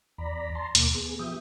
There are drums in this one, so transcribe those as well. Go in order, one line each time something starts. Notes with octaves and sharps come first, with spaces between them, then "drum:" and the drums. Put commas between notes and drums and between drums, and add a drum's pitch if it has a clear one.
E2 D5 A#5 B5
A5 A#5 C6
D#2 B2 A#3 D6, drum: hi-hat
B3 G#4
F3 B3 G4 E5 D#6 G6